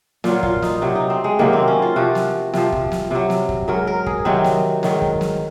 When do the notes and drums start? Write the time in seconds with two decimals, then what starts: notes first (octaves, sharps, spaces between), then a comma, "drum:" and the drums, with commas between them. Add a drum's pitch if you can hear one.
0.24 A#2 F#3 F4, drum: snare
0.43 F4, drum: kick
0.62 D#4, drum: snare
0.82 C3 F#3
0.95 D#4
1.10 C4
1.24 G#3
1.39 C3 D#3 F#3 A#3
1.53 C4
1.67 C#4
1.82 F4
1.96 C3 F3 F#4
2.15 drum: snare
2.54 C3 F3, drum: snare
2.72 drum: kick
2.92 drum: snare
3.11 C3 F#3
3.30 drum: snare
3.49 drum: kick
3.68 G#2 F#3 A#4
3.87 A#4
4.06 G#4, drum: kick
4.25 C3 D#3 F#3 C4
4.44 drum: snare
4.83 G#2 D#3 F#3, drum: snare
5.02 drum: kick
5.21 drum: snare